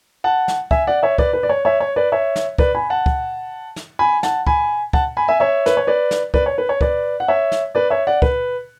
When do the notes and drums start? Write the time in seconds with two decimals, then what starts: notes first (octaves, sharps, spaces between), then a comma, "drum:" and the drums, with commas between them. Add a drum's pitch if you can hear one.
0.24 F#5 A5
0.48 drum: snare
0.71 E5 G#5, drum: kick
0.87 D5 F#5
1.03 C#5 E5
1.18 B4 D5, drum: kick
1.33 B4
1.43 D5
1.49 C#5
1.65 C#5 E5
1.80 C#5
1.96 B4 D5
2.12 C#5 E5
2.36 drum: snare
2.58 B4 D5, drum: kick
2.75 G#5 B5
2.90 F#5 A5
3.06 drum: kick
3.76 drum: snare
3.99 G#5 B5
4.23 F#5 A5, drum: snare
4.47 G#5 B5, drum: kick
4.93 F#5 A5, drum: kick
5.17 G#5 B5
5.28 E5 G#5
5.40 C#5 E5
5.66 B4, drum: snare
5.77 C#5
5.87 B4 D5
6.11 drum: snare
6.34 B4 D5, drum: kick
6.46 C#5
6.58 B4
6.69 C#5
6.81 B4 D5, drum: kick
7.20 F#5
7.28 C#5 E5
7.52 drum: snare
7.75 B4 D5
7.90 C#5 E5
8.07 D5 F#5
8.22 B4, drum: kick